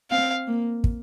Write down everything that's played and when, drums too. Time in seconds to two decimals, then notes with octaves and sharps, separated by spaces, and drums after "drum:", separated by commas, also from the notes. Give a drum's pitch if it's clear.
0.11 C4 F5
0.47 A#3
0.84 drum: kick